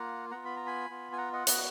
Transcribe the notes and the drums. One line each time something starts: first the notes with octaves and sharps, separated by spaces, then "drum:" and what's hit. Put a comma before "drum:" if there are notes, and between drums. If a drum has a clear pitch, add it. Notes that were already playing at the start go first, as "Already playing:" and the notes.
Already playing: A#3 F4 F#5 A#5
B3 F4 F#5 A#5
B5
A#5
G#5 B5
B3 F4
G#5
F#5 A#5
D#5 F#5
B3 F#4 B4 D#5, drum: hi-hat